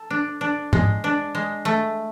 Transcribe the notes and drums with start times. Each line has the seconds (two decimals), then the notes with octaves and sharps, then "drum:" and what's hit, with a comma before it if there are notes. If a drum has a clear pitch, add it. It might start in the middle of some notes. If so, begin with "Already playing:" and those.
Already playing: A4
0.11 D4
0.41 D4
0.73 G#3, drum: tom G#2
1.04 D4
1.35 G#3
1.65 A3